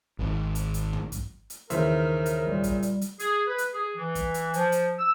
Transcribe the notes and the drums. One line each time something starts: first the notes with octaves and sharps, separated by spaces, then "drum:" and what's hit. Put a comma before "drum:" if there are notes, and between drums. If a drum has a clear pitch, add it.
G#1
drum: hi-hat
drum: hi-hat
drum: tom
drum: kick, hi-hat
drum: hi-hat
D#2 C#3 E3 A#4 C5 E5, drum: hi-hat
drum: hi-hat
A#2 G3
drum: kick, hi-hat
drum: hi-hat
drum: hi-hat
G#4, drum: hi-hat
B4
drum: hi-hat
G#4
E3
drum: kick, hi-hat
drum: hi-hat
F3, drum: hi-hat
drum: hi-hat
E6